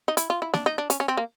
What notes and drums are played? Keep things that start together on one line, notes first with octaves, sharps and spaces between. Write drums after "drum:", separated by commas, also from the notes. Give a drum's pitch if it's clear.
D#4
E4, drum: hi-hat
F4
E4
D4, drum: snare A#3
D#4
D4
C#4, drum: hi-hat
C#4
C4
A#3